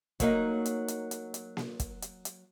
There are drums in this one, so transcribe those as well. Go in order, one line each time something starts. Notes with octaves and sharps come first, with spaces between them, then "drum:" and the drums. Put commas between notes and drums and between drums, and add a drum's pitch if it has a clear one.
F#3 A#3 D#4, drum: kick, hi-hat
drum: hi-hat
drum: hi-hat
drum: hi-hat
drum: hi-hat
drum: snare A#3
drum: kick, hi-hat
drum: hi-hat
drum: hi-hat